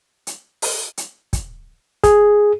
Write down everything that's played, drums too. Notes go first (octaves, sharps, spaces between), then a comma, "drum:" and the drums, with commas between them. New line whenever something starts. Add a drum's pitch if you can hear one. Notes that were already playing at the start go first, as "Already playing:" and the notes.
drum: hi-hat
drum: open hi-hat
drum: hi-hat
drum: kick, hi-hat
G#4, drum: kick, hi-hat